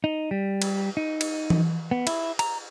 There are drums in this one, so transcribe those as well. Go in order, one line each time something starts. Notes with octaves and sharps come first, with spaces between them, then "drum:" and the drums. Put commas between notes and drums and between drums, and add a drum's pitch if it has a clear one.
D#4
G3
drum: cymbal
D#4
drum: cymbal
drum: tom E3
B3
E4, drum: cymbal
A#5, drum: cymbal